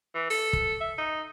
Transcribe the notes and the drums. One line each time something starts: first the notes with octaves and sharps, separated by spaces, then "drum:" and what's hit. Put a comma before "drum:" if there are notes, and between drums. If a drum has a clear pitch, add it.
E3
A4, drum: open hi-hat
drum: kick
E5
D#4